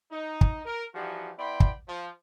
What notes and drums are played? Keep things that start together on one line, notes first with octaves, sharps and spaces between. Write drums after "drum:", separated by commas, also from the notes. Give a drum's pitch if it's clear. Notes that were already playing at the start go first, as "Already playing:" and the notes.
D#4
drum: kick
A#4
E3 F3 G3 D#4 F#4
B3 E4 D5 G5 B5 C6
drum: kick
F3